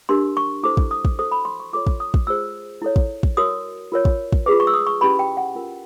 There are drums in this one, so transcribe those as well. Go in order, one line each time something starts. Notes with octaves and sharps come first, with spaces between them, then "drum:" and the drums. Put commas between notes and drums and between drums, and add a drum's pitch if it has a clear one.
D4 G4 A#4 C6
C#6
E4 A4 C5 D6
drum: kick
D#6
drum: kick
F#4 A4 C5 D#6
B5
C6
C#6
F4 A4 C#5 D6
drum: kick
D#6
drum: kick
F4 G#4 C5 E6
E4 A4 C#5
drum: kick
drum: kick
F#4 A#4 C#5 D#6
F4 A#4 C#5
drum: kick
drum: kick
F4 G#4 B4 D6
C#6
E6
D#6
C#6
C#4 E4 G4 B4 B5
G5
F#5
C#4 F4 A#4